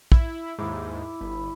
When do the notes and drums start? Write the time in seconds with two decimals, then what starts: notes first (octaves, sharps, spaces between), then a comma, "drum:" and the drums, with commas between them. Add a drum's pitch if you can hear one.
0.12 E4, drum: kick
0.59 D#2 G#2 E4 D6
1.21 G1 B4